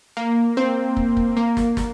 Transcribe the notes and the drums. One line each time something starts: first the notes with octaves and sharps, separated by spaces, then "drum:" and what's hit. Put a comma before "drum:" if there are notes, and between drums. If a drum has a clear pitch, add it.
A#3
C4
drum: kick
drum: kick
A#3
drum: snare
drum: snare